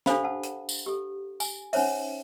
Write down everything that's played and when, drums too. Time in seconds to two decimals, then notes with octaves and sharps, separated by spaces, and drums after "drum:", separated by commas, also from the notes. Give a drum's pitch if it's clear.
0.06 D4 G4 A4 C5 F5 B5, drum: snare
0.24 F#5 A5
0.43 drum: hi-hat
0.69 drum: tambourine
0.86 G4 A4
1.40 G#5, drum: tambourine
1.73 C#4 D#4 C5 C#5 E5, drum: open hi-hat